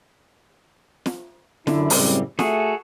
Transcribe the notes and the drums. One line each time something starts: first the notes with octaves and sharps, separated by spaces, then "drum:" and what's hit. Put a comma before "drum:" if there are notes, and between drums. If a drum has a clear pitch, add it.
drum: snare
F#2 D3 E4, drum: snare
F#2 A2 C#3 G3 C4, drum: open hi-hat
A3 F#4 G#4 A4, drum: snare